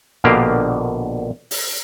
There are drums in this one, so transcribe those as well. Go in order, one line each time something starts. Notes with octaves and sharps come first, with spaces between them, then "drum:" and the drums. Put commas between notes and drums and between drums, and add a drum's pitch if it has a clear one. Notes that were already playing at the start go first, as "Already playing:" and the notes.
A#1 B2 D3 A#3 G4 F5
drum: open hi-hat